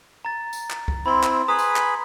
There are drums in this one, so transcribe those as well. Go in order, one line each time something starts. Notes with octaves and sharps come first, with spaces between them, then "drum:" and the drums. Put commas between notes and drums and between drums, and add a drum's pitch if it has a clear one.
A#5 A6
drum: tambourine
drum: clap
drum: kick
C4 E4 B5 C6
drum: clap
G#4 B4 A#5 B5 D#6
drum: tambourine
drum: clap